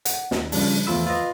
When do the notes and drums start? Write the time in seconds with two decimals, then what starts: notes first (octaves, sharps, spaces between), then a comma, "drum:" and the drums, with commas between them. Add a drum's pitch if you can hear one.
0.05 F#5, drum: hi-hat
0.31 D#2, drum: snare
0.52 C#3 F3 G3 D4, drum: open hi-hat
0.87 E2 F3 A3 F4 B5 E6
1.07 F4 B4 D#5